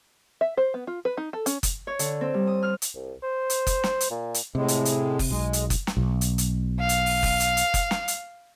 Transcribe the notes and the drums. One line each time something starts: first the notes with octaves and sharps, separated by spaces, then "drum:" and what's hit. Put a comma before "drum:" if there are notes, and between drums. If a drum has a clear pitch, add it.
E5
C5
B3
F4
B4
D#4
A4
C#4, drum: hi-hat
drum: kick F#1, hi-hat
C#5
D3, drum: hi-hat
C4
G3
D#6
F6
drum: hi-hat
C2
C5
drum: hi-hat
drum: kick F#1, hi-hat
drum: snare
drum: hi-hat
A#2
drum: hi-hat
A2 C3 G#3
drum: hi-hat
drum: hi-hat
drum: kick F#1, open hi-hat
B1 G#3
drum: hi-hat
drum: kick F#1, hi-hat
drum: snare
B1
drum: hi-hat
drum: hi-hat
F5
drum: hi-hat
drum: open hi-hat
drum: kick F#1, open hi-hat
drum: hi-hat
drum: hi-hat
drum: kick F#1, hi-hat
drum: snare
drum: hi-hat